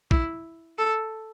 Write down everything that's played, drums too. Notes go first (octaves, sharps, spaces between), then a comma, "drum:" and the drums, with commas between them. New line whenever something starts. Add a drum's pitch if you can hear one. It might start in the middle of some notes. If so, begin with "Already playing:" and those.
E4, drum: kick A#1
A4